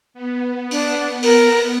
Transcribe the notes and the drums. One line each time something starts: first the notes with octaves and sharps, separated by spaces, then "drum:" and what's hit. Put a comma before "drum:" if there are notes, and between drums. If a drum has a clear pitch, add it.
B3
D4, drum: open hi-hat
A#4, drum: open hi-hat